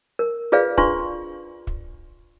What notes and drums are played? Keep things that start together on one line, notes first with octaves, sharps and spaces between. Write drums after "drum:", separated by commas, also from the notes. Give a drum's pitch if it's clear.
A#4
F4 G#4 B4 D5 F5
D4 F4 B4 C6 C#6, drum: kick
drum: kick